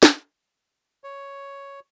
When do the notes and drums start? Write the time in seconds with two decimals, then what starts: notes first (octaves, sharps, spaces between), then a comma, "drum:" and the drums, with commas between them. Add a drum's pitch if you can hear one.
0.03 drum: snare
1.04 C#5